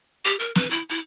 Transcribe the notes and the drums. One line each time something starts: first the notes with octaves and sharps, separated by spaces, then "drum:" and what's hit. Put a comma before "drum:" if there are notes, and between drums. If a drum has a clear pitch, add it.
G4
A#4
B4, drum: snare
E4
E4, drum: hi-hat